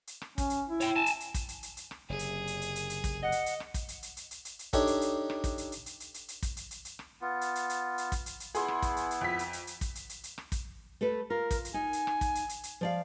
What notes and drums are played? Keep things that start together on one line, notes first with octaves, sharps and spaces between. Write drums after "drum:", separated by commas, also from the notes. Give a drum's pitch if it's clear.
drum: hi-hat
drum: rim click
C#4, drum: kick, hi-hat
drum: hi-hat
E4
C#5 G5, drum: hi-hat
G#5 A5
drum: hi-hat
drum: hi-hat
drum: kick, hi-hat
drum: hi-hat
drum: hi-hat
drum: hi-hat
drum: rim click
F#1 C3 G#4
drum: hi-hat
drum: hi-hat
drum: hi-hat
drum: hi-hat
drum: hi-hat
drum: kick, hi-hat
D#5 F#5
drum: hi-hat
drum: hi-hat
drum: rim click
drum: kick, hi-hat
drum: hi-hat
drum: hi-hat
drum: hi-hat
drum: hi-hat
drum: hi-hat
drum: hi-hat
D4 D#4 G4 A4 C#5 D#5, drum: kick, hi-hat
drum: hi-hat
drum: hi-hat
drum: rim click
drum: kick, hi-hat
drum: hi-hat
drum: hi-hat
drum: hi-hat
drum: hi-hat
drum: hi-hat
drum: hi-hat
drum: kick, hi-hat
drum: hi-hat
drum: hi-hat
drum: hi-hat
drum: rim click
B3 F4
drum: hi-hat
drum: hi-hat
drum: hi-hat
drum: hi-hat
drum: kick, hi-hat
drum: hi-hat
drum: hi-hat
B3 E4 G#4 C6, drum: hi-hat
drum: rim click
drum: kick, hi-hat
drum: hi-hat
drum: hi-hat
F2 B6
drum: hi-hat
drum: hi-hat
drum: hi-hat
drum: kick, hi-hat
drum: hi-hat
drum: hi-hat
drum: hi-hat
drum: rim click
drum: kick, hi-hat
A3 A4 B4
F4 A#4
drum: kick, hi-hat
drum: hi-hat
D#4 G#5
drum: hi-hat
drum: rim click
drum: kick, hi-hat
drum: hi-hat
drum: hi-hat
drum: hi-hat
F3 D5 F5